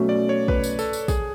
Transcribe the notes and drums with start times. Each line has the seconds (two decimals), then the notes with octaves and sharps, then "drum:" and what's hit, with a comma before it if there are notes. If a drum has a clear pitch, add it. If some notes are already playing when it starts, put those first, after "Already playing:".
Already playing: B2 F#3 A3 C#4
0.09 D5
0.29 C#5
0.48 B4, drum: kick
0.64 drum: tambourine
0.79 A4, drum: tambourine
0.93 drum: tambourine
1.08 G#4, drum: kick, tambourine